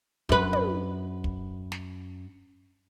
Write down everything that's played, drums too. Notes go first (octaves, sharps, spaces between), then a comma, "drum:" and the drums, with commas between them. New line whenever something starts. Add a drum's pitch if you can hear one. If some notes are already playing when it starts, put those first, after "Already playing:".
F#2 B4, drum: kick
drum: tom
drum: kick
drum: snare